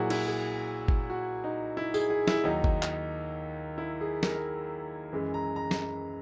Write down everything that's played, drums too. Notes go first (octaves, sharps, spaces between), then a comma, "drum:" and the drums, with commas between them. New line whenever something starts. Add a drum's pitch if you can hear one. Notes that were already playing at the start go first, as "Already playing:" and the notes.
Already playing: A#2 F#3 E4 F#4 G#4
E4, drum: cymbal
G#4
drum: kick G1
F#4
D#4
E4
G#4, drum: tambourine
G#4
E4, drum: snare
D#2 D#3 F#3 D#4
drum: kick G1
drum: clap
E4
G#4
A#4, drum: snare
F#2 E3 G#3
A#5
A#5
drum: snare